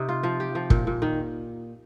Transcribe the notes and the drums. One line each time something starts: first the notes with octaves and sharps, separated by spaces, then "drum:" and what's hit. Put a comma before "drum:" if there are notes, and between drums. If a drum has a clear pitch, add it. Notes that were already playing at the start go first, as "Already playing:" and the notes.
Already playing: C3 D#4
F4
F3
G4
F3
A#2, drum: kick
A#2
D#3